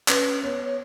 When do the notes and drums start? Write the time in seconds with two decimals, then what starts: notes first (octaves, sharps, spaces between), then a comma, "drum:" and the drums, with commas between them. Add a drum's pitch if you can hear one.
0.08 C#4 B4, drum: clap
0.43 B3 C#5
0.65 C#5